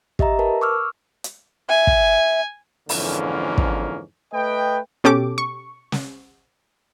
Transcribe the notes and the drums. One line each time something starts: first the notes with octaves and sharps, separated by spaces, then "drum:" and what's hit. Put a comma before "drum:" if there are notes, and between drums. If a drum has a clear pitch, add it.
G4 D#5 E5 A#5, drum: kick
A#4 B4 A5
C#6 D6 E6 F6
drum: hi-hat
E5 G#5
drum: kick
F2 G#2 D3 E3 A#3 C#4, drum: open hi-hat
drum: kick
A3 B4 D#5 G5
B2 C#4 G4 A4 D6
C#6
drum: snare